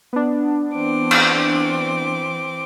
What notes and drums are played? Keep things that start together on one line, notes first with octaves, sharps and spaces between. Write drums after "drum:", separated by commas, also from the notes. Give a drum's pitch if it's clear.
B3 D4
E3 C4 D6
drum: cymbal